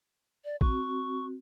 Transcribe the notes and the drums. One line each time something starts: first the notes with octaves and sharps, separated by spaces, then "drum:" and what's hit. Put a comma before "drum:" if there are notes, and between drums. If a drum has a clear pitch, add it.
D5
C4 F#4 C#6, drum: kick A1